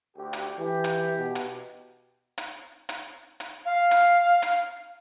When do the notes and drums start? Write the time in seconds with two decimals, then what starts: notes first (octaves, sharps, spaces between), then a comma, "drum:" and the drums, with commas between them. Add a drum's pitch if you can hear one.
0.16 D2 G4
0.33 drum: hi-hat
0.59 E3 G4
0.84 drum: hi-hat
1.18 B2
1.35 drum: hi-hat
2.38 drum: hi-hat
2.89 drum: hi-hat
3.40 drum: hi-hat
3.66 F5
3.91 drum: hi-hat
4.42 drum: hi-hat